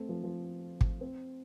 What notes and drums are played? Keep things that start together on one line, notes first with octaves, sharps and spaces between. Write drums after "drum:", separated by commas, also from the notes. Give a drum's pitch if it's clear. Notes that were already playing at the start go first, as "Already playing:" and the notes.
Already playing: A3 C4
F3
F3
drum: kick
C4